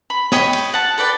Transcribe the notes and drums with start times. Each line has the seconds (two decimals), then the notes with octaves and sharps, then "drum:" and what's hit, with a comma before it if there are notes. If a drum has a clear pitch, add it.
0.10 B5
0.32 C#5 D#5 G5 B5, drum: snare
0.53 drum: cymbal
0.74 F#5 A5
0.98 A4 B4 D5 G5